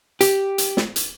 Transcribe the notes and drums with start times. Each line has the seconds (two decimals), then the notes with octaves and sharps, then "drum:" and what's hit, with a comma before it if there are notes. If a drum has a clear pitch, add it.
0.21 G4, drum: hi-hat
0.58 drum: hi-hat
0.77 drum: snare
0.96 drum: hi-hat